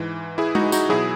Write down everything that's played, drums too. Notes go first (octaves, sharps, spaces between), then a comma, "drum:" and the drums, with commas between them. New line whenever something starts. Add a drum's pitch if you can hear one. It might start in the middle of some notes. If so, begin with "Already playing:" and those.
Already playing: G#2 E3
E4 G#4
D#4 F#4, drum: tom G#3
D#4 F#4, drum: tambourine
B2 F#3 E4 G#4